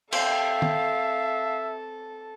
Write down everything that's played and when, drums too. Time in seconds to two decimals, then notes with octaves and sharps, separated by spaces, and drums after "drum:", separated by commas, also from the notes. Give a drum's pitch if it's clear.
0.12 C4 A4 C5 E5 F5 G5, drum: cymbal
0.62 drum: tom